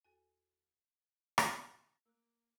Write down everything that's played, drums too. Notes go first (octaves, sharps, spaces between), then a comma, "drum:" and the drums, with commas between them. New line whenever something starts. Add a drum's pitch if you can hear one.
E2 F#4 A4 G#5
drum: rim click
A#3 E6 F#6